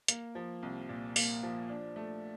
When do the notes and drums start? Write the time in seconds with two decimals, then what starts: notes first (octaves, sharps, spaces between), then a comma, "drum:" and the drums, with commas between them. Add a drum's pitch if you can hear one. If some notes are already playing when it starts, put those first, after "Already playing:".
0.08 A#3, drum: hi-hat
0.35 F3
0.62 C2
0.89 A#2
1.16 A#3, drum: open hi-hat
1.43 F3
1.69 D4
1.96 A3